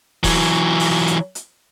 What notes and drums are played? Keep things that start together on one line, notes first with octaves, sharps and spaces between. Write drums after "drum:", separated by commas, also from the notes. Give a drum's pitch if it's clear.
E3 F#3, drum: kick D#1, open hi-hat
drum: open hi-hat
drum: hi-hat
drum: hi-hat